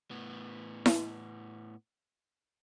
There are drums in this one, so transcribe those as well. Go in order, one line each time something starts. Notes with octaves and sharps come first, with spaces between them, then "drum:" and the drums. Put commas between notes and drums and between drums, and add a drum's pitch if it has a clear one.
A2 B3
drum: snare E4